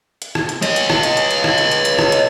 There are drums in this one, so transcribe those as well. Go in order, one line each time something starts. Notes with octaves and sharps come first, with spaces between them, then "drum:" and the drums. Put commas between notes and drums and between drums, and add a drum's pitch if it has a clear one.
drum: hi-hat
drum: rim click
drum: hi-hat
C#5 D#5, drum: hi-hat
drum: hi-hat
drum: rim click
drum: hi-hat
drum: hi-hat
drum: hi-hat
drum: rim click
drum: hi-hat
drum: hi-hat
drum: hi-hat
drum: rim click
drum: hi-hat